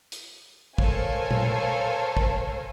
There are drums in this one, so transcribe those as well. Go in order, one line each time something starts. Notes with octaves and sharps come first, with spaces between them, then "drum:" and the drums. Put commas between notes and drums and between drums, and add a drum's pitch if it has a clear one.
drum: hi-hat
A4 A#4 C5 C#5 F5 G#5, drum: kick
drum: tom A#2
drum: kick